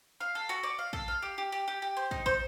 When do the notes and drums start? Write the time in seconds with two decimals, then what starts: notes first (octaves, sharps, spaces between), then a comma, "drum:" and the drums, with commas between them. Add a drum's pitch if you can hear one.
0.20 F5
0.35 A4
0.49 F#4
0.63 D5
0.79 F5
0.93 A4, drum: kick
1.08 F5
1.22 G4
1.38 G4
1.52 G4
1.68 G4
1.82 G4
1.97 C5
2.11 D#4, drum: kick
2.26 C5, drum: kick